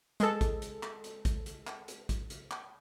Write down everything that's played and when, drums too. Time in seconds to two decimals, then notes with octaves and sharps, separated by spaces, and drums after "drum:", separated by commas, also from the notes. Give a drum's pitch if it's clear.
0.20 G#3 A4, drum: hi-hat
0.41 drum: kick A1, hi-hat
0.62 drum: hi-hat
0.83 drum: clap
1.04 drum: hi-hat
1.25 drum: kick A1, hi-hat
1.46 drum: hi-hat
1.67 drum: clap
1.88 drum: hi-hat
2.09 drum: kick A1, hi-hat
2.30 drum: hi-hat
2.51 drum: clap